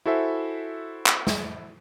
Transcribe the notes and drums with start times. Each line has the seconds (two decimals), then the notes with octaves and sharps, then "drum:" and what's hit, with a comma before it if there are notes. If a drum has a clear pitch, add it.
0.06 E4 F#4 A4 C5 E5 G#5
1.06 drum: clap
1.27 drum: snare